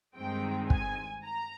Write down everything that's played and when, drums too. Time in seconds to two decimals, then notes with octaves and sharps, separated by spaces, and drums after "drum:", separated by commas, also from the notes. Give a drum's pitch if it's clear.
0.16 G2 D#3 G#3 C4 D#4 G5
0.70 G#5, drum: kick
1.24 A#5